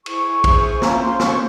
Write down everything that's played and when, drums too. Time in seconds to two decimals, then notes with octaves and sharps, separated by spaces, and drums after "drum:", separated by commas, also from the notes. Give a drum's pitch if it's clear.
0.06 E4 G#4 C5 C#6, drum: cymbal
0.44 E4 G#4 C5, drum: kick, cymbal
0.82 C#4 F4 C5 A#5, drum: snare
1.01 C6
1.20 C#4 F4 C5 C#6, drum: snare